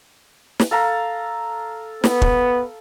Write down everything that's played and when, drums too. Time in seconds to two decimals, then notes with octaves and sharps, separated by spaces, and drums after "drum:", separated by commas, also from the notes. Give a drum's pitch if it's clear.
0.60 drum: snare
0.71 A4 F5 A#5
2.04 B3, drum: snare
2.22 drum: kick